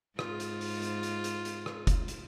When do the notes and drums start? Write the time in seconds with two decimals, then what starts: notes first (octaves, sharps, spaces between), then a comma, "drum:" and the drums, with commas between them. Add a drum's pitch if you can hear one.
0.19 G#2 F4, drum: rim click
0.40 drum: hi-hat
0.61 drum: open hi-hat
0.82 drum: hi-hat
1.03 drum: hi-hat
1.24 drum: hi-hat
1.45 drum: hi-hat
1.66 drum: rim click
1.87 drum: kick F1, hi-hat
2.08 drum: hi-hat